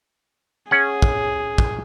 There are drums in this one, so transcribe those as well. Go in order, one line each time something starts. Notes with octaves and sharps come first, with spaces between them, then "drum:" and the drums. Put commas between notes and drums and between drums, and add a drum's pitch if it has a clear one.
C#4 G#4 F#5
drum: kick
drum: kick